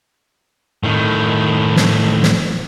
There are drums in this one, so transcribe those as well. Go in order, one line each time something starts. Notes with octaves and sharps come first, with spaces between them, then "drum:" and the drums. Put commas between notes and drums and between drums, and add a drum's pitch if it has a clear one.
A2 D#3
drum: snare
drum: snare